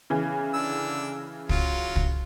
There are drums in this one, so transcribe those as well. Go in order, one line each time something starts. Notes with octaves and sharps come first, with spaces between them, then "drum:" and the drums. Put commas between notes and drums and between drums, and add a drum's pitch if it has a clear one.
C#3 E3
D3 D4 E6
F#3 F4, drum: kick
drum: kick